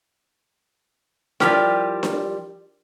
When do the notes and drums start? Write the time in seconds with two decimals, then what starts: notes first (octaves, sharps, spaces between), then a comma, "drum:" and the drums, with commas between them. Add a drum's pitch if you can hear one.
1.40 F3 G3 E4 G4 A#4 G5, drum: snare D4
2.03 drum: snare D4